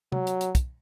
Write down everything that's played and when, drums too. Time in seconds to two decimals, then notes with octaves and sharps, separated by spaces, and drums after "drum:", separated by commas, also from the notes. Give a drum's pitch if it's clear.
0.12 F#3, drum: tom C3
0.27 drum: hi-hat
0.41 drum: hi-hat
0.55 drum: kick, hi-hat